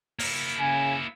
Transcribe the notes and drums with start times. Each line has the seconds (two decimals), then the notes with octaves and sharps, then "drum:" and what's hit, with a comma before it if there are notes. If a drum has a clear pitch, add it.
0.19 A#3 E4, drum: open hi-hat
0.59 C#3 G#5